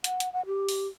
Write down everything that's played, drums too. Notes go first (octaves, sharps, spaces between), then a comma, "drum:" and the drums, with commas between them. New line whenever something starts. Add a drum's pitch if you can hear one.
F#5, drum: hi-hat
drum: hi-hat
F#5
G4
drum: open hi-hat